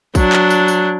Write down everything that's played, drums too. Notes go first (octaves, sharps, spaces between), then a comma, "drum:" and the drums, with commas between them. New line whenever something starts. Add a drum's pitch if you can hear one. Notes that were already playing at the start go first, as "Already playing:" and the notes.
F#3 D4, drum: kick, tambourine
drum: clap
drum: tambourine
drum: tambourine